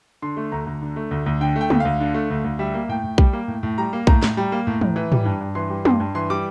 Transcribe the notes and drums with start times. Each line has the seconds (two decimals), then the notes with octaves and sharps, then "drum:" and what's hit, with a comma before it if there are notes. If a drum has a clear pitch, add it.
0.22 D3 C6
0.37 A3
0.52 D2 A#5
0.66 D2
0.82 D3
0.96 A3
1.11 D2
1.26 D2
1.41 D3 G5
1.56 A3
1.61 G5
1.70 D2, drum: tom
1.80 D2 F5
2.00 D3
2.14 A3
2.30 D2
2.44 D2
2.59 G3 E5
2.74 A#3
2.89 A2 G5
3.04 A2
3.18 G3, drum: kick B1
3.33 A#3
3.48 A2
3.63 A2
3.78 G3 A#5
3.93 A#3
4.07 A2 A#5, drum: kick B1
4.23 A2, drum: snare
4.37 G3
4.52 A#3
4.67 A2
4.81 A2, drum: tom
4.96 E3
5.12 G3, drum: tom
5.25 G2
5.41 G2
5.55 E3 C6
5.70 G3
5.85 G2 C6, drum: tom
6.00 G2
6.15 E3 C6
6.30 G3 D6